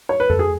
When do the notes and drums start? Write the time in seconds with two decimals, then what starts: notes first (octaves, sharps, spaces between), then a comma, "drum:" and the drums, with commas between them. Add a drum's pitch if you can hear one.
0.09 C#5
0.20 B4
0.30 A4, drum: tom F2
0.39 G#4